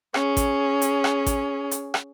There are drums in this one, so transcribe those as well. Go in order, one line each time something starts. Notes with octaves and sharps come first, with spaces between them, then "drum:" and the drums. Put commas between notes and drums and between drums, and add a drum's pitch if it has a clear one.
C#4 G#4, drum: rim click
drum: kick A1, hi-hat
drum: hi-hat
drum: rim click
drum: kick A1, hi-hat
drum: hi-hat
drum: rim click